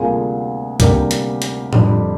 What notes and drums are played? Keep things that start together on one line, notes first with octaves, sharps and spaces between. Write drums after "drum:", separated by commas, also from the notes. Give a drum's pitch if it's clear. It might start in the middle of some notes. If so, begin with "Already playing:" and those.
Already playing: D2 C3 G3 A#3 D4 F4 G#4
D2 C3 G3 A#3 D4 G4 A#4, drum: kick, hi-hat
drum: hi-hat
drum: hi-hat
F2 D3 G3 D4, drum: tom A2